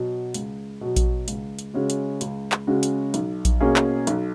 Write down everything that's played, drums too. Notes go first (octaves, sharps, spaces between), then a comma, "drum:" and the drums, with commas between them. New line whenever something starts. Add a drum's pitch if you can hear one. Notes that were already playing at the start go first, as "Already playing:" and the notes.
Already playing: B2 F#3
C#2, drum: hi-hat
B2 F#3
drum: kick A#1, hi-hat
C#2, drum: hi-hat
drum: hi-hat
C#3 G#3 C#4 F#4
drum: hi-hat
C#2, drum: hi-hat
drum: clap
C#3 G#3 C#4 F#4
drum: hi-hat
B1, drum: hi-hat
drum: kick A#1, hi-hat
B2 A#3 C#4 G#4
drum: clap
B1, drum: hi-hat